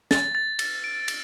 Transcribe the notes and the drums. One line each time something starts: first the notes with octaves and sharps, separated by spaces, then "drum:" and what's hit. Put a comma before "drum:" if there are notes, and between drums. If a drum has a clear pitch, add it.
A6, drum: snare
A6
A6, drum: cymbal
D7
A6, drum: cymbal